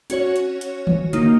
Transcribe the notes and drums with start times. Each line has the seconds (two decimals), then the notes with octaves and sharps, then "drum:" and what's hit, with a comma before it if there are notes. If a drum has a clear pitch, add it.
0.10 C#4 F#4 C#5, drum: hi-hat
0.36 drum: hi-hat
0.61 drum: hi-hat
0.87 drum: tom D#3
1.13 D#3 A#3 D#4, drum: hi-hat